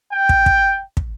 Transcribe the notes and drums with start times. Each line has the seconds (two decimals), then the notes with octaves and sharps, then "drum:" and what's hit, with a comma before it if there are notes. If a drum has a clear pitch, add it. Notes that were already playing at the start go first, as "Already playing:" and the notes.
0.12 G5
0.29 drum: kick
0.46 drum: kick
0.97 drum: kick